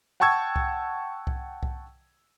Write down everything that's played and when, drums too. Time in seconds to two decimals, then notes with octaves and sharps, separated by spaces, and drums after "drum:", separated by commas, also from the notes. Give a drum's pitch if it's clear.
0.20 F#5 G5 A5 C#6 E6 G#6
0.56 drum: kick C2
1.27 drum: kick C2
1.63 drum: kick C2